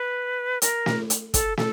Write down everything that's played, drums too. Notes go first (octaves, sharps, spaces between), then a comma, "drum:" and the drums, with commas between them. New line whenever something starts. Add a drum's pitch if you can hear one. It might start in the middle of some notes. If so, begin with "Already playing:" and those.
Already playing: B4
A#4, drum: hi-hat
drum: snare
drum: hi-hat
A4, drum: kick, hi-hat
A4, drum: snare